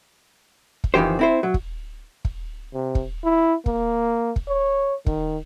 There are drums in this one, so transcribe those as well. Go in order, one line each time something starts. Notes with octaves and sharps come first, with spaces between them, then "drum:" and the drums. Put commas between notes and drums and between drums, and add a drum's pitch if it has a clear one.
drum: kick
F2 D#3 E3 G4 C5
C4 E4 C5
F#3
drum: kick
drum: kick
C3
drum: kick
E4
A#3, drum: kick
drum: kick
C#5
D#3, drum: kick